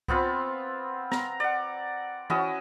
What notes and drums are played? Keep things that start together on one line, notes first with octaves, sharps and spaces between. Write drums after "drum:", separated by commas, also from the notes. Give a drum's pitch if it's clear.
B3 C4 F4 B4, drum: kick C2
A#5, drum: snare
D5 F#5
C#4 E4 F#4 D#5, drum: tom E3